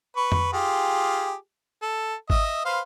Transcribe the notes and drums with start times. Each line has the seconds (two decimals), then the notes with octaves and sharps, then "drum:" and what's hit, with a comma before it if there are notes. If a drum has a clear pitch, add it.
0.17 B4 C#6
0.32 drum: tom F2
0.53 F4 G4 G#4
1.82 A4
2.30 D#5 E5, drum: kick G#1
2.65 B4 C5 F5